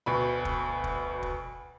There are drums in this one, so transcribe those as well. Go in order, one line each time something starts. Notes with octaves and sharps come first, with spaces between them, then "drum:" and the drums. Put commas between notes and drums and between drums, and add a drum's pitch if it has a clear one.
D2 B2 B5
drum: kick
drum: kick
drum: kick